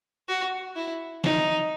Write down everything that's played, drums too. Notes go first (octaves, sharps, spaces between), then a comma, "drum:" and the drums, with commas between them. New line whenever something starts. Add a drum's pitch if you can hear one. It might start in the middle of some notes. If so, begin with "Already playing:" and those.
F#4
E4
D#4, drum: snare